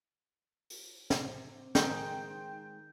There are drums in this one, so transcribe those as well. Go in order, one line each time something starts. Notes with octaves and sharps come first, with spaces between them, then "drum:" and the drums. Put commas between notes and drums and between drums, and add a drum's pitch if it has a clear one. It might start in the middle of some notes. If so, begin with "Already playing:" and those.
drum: open hi-hat
C3, drum: snare
D#3 G#3 D#4 G#4 C5 D#5 G5 G6, drum: snare